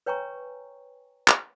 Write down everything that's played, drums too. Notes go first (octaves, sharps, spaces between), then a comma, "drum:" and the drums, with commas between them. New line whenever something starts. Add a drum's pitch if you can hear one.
B4 C#5 G5 G#5 A#5 C#6
drum: clap